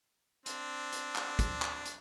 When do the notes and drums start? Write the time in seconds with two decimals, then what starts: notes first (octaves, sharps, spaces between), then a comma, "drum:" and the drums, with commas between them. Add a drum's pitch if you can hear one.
0.46 C4 D4, drum: hi-hat
0.92 drum: hi-hat
1.16 drum: clap
1.39 drum: kick, hi-hat
1.62 drum: clap
1.85 drum: hi-hat